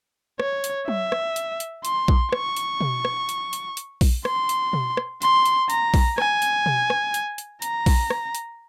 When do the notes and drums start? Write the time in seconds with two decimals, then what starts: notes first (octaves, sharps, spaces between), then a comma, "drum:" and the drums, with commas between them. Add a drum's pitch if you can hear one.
0.40 C#5, drum: rim click
0.64 drum: hi-hat
0.88 E5, drum: tom F#3
1.12 drum: rim click
1.36 drum: hi-hat
1.60 drum: hi-hat
1.85 C6, drum: hi-hat
2.08 drum: kick A#1
2.33 C#6, drum: rim click
2.57 drum: hi-hat
2.81 drum: tom B2
3.05 drum: rim click
3.29 drum: hi-hat
3.53 drum: hi-hat
3.77 drum: hi-hat
4.01 drum: kick A#1, open hi-hat
4.25 C6, drum: rim click
4.49 drum: hi-hat
4.73 drum: tom B2
4.97 drum: rim click
5.22 C6, drum: hi-hat
5.46 drum: hi-hat
5.70 A#5, drum: hi-hat
5.94 drum: kick A#1, open hi-hat
6.18 G#5, drum: rim click
6.42 drum: hi-hat
6.66 drum: tom B2
6.90 drum: rim click
7.14 drum: hi-hat
7.38 drum: hi-hat
7.62 A#5, drum: hi-hat
7.86 drum: kick A#1, open hi-hat
8.10 drum: rim click
8.35 drum: hi-hat